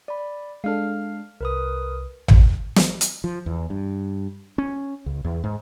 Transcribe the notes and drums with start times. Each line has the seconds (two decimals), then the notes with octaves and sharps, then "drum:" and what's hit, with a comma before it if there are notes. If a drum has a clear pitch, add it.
0.08 D5 B5
0.64 G#3 D4 A4 F5 F6
1.41 C2 A#4 B4 D#6
2.28 drum: tom A1
2.76 drum: snare
3.01 drum: hi-hat
3.24 F3
3.46 E2
3.70 G2
4.58 C#4
5.06 C#2
5.24 E2
5.44 G#2